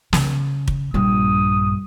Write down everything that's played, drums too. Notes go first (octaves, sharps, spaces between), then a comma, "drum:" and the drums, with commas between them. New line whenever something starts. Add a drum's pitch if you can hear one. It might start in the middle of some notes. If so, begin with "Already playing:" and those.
C#3, drum: snare
drum: kick
A#1 G2 D#6